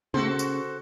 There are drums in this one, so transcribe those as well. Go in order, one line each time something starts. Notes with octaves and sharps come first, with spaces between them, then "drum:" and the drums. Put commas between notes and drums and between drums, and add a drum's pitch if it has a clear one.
C#3 F#4 A4 C5, drum: tom G#3
drum: tambourine